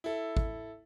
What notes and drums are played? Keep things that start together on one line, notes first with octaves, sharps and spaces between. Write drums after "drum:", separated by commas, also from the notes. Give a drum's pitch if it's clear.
E4 A4
drum: kick